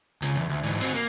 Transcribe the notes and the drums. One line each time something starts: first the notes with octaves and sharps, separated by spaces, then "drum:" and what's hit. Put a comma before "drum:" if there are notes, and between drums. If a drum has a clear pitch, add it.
C#2 C#3, drum: hi-hat
E2
D2
G#2 E3
C4 F#4, drum: hi-hat
A#3